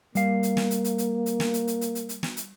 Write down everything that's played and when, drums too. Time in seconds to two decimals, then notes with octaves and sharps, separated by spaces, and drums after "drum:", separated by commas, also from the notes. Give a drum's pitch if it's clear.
0.15 G3 A#3 F5, drum: hi-hat
0.43 drum: hi-hat
0.57 drum: snare
0.71 drum: hi-hat
0.84 drum: hi-hat
0.98 drum: hi-hat
1.26 drum: hi-hat
1.40 drum: snare
1.54 drum: hi-hat
1.67 drum: hi-hat
1.81 drum: hi-hat
1.95 drum: hi-hat
2.09 drum: hi-hat
2.23 drum: snare
2.37 drum: hi-hat